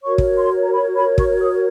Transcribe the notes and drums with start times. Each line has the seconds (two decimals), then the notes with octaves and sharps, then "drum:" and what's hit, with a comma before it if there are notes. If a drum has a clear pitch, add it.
0.03 F#4 A#4 C#5 C#6
0.18 drum: kick
0.38 C6
0.62 A#5
0.72 B5
0.95 B5
1.18 C#6, drum: kick
1.40 D#6